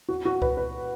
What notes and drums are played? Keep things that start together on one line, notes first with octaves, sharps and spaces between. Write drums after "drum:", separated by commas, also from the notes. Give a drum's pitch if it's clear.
F#4
F#4
B4, drum: kick C2
B4